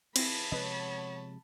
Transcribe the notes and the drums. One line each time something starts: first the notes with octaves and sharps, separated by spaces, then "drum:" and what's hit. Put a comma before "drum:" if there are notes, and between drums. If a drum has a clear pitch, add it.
G#2 C#3 E3 C4 E4 A5 B5, drum: cymbal
C3 F3 G#3 B3 B4 C#5 D#5